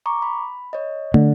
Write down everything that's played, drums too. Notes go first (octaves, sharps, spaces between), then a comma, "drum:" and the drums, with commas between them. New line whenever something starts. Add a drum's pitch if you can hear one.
A#5 C#6 D6
B5
C#5 D#5
D3, drum: tom